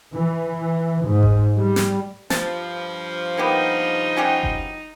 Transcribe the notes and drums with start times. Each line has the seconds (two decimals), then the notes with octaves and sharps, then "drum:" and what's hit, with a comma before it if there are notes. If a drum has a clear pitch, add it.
0.14 E3
1.06 G#2
1.23 drum: kick F#1
1.58 G3
1.76 drum: snare
2.30 G2 F3 A5, drum: snare
3.37 A#3 B3 D#4 G4
4.17 C#4 F#4 G4
4.43 drum: kick F#1